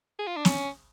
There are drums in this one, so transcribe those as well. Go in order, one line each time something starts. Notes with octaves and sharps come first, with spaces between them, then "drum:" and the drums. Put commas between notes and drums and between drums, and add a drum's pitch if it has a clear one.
G#4
F4
D4
C#4, drum: snare